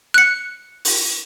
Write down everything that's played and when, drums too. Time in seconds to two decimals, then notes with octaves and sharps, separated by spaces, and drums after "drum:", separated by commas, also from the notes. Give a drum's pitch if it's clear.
0.14 F#6 C#7
0.85 drum: open hi-hat